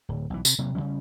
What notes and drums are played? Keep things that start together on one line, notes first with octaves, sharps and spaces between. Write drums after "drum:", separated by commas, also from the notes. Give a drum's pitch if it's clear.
D1
B1 E3
C3, drum: tambourine
C3 F#3 A#3
C#3 F#3 G3 C#4